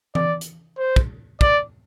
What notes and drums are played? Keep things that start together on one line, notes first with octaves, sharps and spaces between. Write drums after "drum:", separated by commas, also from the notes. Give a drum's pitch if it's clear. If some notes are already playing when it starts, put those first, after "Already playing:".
D5, drum: tom E3
drum: hi-hat
C5
drum: kick
D5, drum: kick